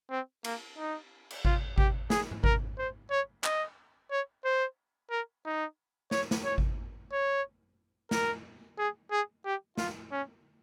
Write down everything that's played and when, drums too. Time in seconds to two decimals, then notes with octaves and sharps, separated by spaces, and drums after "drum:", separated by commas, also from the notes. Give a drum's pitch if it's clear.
0.10 C4
0.44 A#3, drum: cymbal
0.77 D#4
1.30 drum: cymbal
1.45 F4, drum: kick G#1
1.78 G4, drum: kick G#1
2.10 G#4, drum: snare
2.31 drum: tom G#2
2.44 A#4, drum: kick G#1
2.78 C5
3.11 C#5
3.44 D#5, drum: clap
4.11 C#5
4.44 C5
5.11 A#4
5.45 D#4
6.11 C#5, drum: snare
6.31 drum: snare
6.45 C#5
6.58 drum: kick G#1
7.12 C#5
8.11 A#4, drum: snare
8.78 G#4
9.11 G#4
9.45 G4
9.77 F4, drum: snare
10.11 C#4